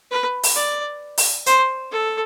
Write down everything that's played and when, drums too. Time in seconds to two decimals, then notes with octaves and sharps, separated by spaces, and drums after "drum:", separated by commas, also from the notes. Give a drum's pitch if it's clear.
0.11 B4
0.43 drum: open hi-hat
0.55 D5
1.18 drum: open hi-hat
1.46 C5, drum: hi-hat
1.91 A4